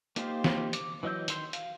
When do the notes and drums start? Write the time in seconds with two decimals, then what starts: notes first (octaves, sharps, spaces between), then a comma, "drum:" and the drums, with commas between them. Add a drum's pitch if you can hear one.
0.16 A#3 D#4 F4 G4 C5, drum: hi-hat
0.44 drum: snare
0.73 D6, drum: hi-hat
1.03 E3 F#3 D#5 E6 G6
1.28 D#3 C6 G6, drum: hi-hat
1.53 F5, drum: hi-hat